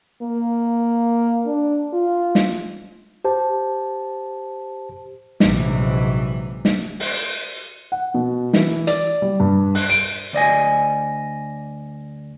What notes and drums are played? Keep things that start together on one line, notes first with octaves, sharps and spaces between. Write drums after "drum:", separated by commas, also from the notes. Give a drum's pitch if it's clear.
A#3
D4
F4
drum: snare
G4 C5 A5
A#1 G#2 C3 E3 F#3, drum: snare
drum: snare
drum: open hi-hat
F#5
B2
E3, drum: snare
D5, drum: hi-hat
G3
G2
F#6, drum: open hi-hat
D7
D2 D5 D#5 G#5